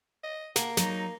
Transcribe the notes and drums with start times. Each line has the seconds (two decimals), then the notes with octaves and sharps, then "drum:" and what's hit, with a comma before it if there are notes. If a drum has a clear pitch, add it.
0.23 D#5
0.56 A#3 F#5, drum: snare
0.77 F#3 D#4, drum: snare